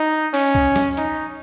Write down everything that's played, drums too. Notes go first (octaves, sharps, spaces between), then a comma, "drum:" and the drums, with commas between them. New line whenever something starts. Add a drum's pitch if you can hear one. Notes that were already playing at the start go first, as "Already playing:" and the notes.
Already playing: D#4
C#4, drum: open hi-hat
drum: kick C2
drum: snare
D#4, drum: hi-hat